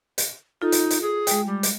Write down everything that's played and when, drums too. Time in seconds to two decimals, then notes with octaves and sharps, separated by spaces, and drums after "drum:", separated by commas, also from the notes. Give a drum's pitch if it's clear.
0.18 drum: hi-hat
0.62 D#4 F4 A4
0.72 drum: hi-hat
0.90 drum: hi-hat
1.02 G#4
1.27 G#3 G5, drum: hi-hat
1.46 G3
1.63 drum: hi-hat